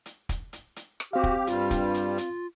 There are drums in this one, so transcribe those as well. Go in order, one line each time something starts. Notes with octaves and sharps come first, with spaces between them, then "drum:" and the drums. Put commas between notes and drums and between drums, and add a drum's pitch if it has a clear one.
drum: hi-hat
drum: kick, hi-hat
drum: hi-hat
drum: hi-hat
drum: rim click
C4 F#4 G4 F5
drum: kick
G2 G3 F4, drum: hi-hat
drum: kick, hi-hat
drum: hi-hat
drum: hi-hat